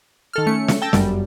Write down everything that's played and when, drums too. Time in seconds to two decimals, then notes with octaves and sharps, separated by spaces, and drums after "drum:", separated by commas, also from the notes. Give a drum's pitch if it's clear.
0.33 D#3 A4 F6
0.47 A3 C#4 C#7
0.68 drum: snare
0.82 G5 A5 E6 A#6
0.93 G1 F#2 G3, drum: snare